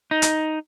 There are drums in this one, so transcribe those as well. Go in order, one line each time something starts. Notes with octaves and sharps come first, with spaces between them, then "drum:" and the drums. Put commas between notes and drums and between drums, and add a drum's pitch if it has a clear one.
D#4
drum: hi-hat